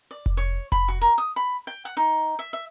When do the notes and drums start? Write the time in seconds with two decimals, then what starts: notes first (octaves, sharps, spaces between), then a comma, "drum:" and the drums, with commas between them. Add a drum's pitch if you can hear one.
0.11 D5
0.26 drum: kick F1
0.37 C#5
0.72 B5, drum: kick F1
0.88 F#4
1.01 A#4
1.18 D#6
1.36 B5
1.67 G5
1.85 F#5
1.97 D#4
2.39 E5
2.53 E5